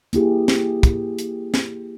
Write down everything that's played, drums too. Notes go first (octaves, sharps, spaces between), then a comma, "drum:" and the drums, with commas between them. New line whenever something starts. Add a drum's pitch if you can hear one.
A#3 E4 G4 G#4, drum: hi-hat
drum: snare
drum: kick, hi-hat
drum: hi-hat
drum: snare